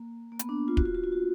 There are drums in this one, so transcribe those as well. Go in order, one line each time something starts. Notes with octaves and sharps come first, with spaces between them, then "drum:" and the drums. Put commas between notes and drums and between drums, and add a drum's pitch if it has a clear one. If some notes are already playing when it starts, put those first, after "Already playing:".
Already playing: A#3
A#3
B3, drum: hi-hat
D4
F4
F#4, drum: kick
F4
F#4
F4
F#4